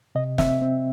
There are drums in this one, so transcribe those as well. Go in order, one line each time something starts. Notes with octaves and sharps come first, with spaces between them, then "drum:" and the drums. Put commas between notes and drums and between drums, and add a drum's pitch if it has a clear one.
C3 D#5
C4 E5, drum: snare
C4